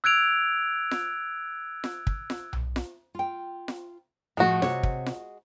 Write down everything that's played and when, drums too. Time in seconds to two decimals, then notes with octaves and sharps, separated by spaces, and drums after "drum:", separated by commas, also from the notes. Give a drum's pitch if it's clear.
0.04 E6 F#6 G#6 D7 F7
0.91 drum: snare F4
1.84 drum: snare F4
2.07 drum: kick
2.30 drum: snare F4
2.53 drum: tom B1
2.76 drum: snare F4
3.15 F4 G5
3.68 drum: snare F4
4.37 A2 F3 G#3 A3 F#4
4.62 C3 C#5, drum: snare F4
4.83 drum: kick
5.06 drum: snare F4